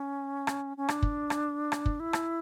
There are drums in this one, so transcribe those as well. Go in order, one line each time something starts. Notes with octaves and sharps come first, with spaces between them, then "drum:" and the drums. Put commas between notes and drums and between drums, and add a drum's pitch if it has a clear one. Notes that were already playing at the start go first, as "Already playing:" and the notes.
Already playing: C#4
drum: rim click
C#4
D4, drum: rim click
drum: kick
drum: rim click
drum: rim click
drum: kick
E4
drum: rim click